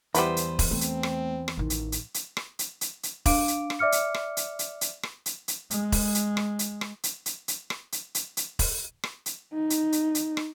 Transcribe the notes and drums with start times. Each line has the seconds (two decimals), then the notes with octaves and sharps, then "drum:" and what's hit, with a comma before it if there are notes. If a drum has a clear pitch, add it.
0.15 E2 G3 B3 E4 B4 C5, drum: hi-hat
0.37 drum: hi-hat
0.59 drum: kick E1, open hi-hat
0.71 A3 C4
0.81 drum: hi-hat
1.03 drum: rim click
1.48 drum: rim click
1.57 A1 D#3
1.70 drum: hi-hat
1.92 drum: hi-hat
2.14 drum: hi-hat
2.37 drum: rim click
2.59 drum: hi-hat
2.81 drum: hi-hat
3.03 drum: hi-hat
3.26 D4 F5 D6 D7, drum: kick E1, open hi-hat
3.48 drum: hi-hat
3.70 drum: rim click
3.79 D5 E5 D6 F6 C#7
3.92 drum: hi-hat
4.14 drum: rim click
4.37 drum: hi-hat
4.59 drum: hi-hat
4.81 drum: hi-hat
5.03 drum: rim click
5.26 drum: hi-hat
5.48 drum: hi-hat
5.71 G#3, drum: hi-hat
5.92 drum: kick E1, open hi-hat
6.15 drum: hi-hat
6.37 drum: rim click
6.59 drum: hi-hat
6.81 drum: rim click
7.03 drum: hi-hat
7.26 drum: hi-hat
7.48 drum: hi-hat
7.70 drum: rim click
7.92 drum: hi-hat
8.15 drum: hi-hat
8.37 drum: hi-hat
8.59 drum: kick E1, open hi-hat
9.04 drum: rim click
9.26 drum: hi-hat
9.54 D#4
9.70 drum: hi-hat
9.92 drum: hi-hat
10.15 drum: hi-hat
10.37 drum: rim click